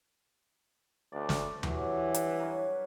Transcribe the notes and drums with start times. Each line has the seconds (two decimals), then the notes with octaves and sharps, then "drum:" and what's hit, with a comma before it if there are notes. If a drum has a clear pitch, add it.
1.12 D2 D5
1.29 drum: snare
1.63 G2 E3 F#3, drum: tom D#2
2.14 drum: hi-hat
2.39 A#4 B4 C#5